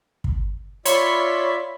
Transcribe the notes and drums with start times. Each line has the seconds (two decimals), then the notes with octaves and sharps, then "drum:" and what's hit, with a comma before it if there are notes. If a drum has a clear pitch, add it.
0.24 drum: kick
0.85 F4 C#5 D5 E5 B5 C6, drum: hi-hat